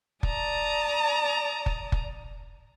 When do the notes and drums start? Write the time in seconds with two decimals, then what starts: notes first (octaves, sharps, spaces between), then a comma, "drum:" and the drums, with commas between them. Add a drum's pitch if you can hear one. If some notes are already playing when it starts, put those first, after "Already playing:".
0.23 D5 A5 A#5 D#6, drum: kick
1.66 drum: kick
1.92 drum: kick